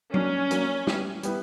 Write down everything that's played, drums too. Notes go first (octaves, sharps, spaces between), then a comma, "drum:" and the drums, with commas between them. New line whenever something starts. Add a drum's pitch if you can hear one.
F#3 A#3 C#4 D4, drum: tom F#3
F#3 A#3 D4, drum: hi-hat
G3 B3 E4, drum: snare
G3 B3 E4, drum: hi-hat